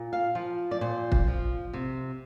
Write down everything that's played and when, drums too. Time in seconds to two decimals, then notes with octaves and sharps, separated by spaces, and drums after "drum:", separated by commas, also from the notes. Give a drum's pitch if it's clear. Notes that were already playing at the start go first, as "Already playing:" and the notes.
Already playing: A#2
0.13 F5
0.35 F3
0.71 D5
0.81 A#2 C5
1.12 drum: kick
1.28 F3
1.73 C3